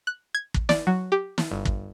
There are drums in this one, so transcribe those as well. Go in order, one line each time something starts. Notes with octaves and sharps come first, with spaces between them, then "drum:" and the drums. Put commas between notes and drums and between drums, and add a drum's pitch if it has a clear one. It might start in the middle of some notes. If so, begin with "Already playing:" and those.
F#6
G#6
drum: kick
D5, drum: snare
F#3
G4
drum: snare
G1
drum: kick